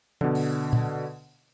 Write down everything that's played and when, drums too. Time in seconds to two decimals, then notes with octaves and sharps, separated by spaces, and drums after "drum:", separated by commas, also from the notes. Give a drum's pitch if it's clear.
0.21 B2 D3, drum: tom
0.35 drum: open hi-hat
0.73 drum: tom A#2